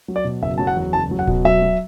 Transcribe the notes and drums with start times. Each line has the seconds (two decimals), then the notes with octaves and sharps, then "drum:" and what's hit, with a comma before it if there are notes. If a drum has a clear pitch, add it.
0.08 F#3
0.16 D5
0.25 B2
0.42 F#1 E5
0.58 F#3 A5
0.67 F#5
0.77 E2
0.93 F#1 A5
1.11 F#3
1.19 F#5
1.27 B2, drum: kick D1
1.45 F#3 E5
1.62 F#3